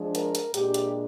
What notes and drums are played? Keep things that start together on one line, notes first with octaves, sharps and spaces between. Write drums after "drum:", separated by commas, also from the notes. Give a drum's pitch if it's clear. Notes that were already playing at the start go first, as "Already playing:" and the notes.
Already playing: F3 G#3 D4
A#4, drum: hi-hat
drum: hi-hat
A#2 G#3 D4 G4, drum: hi-hat
drum: hi-hat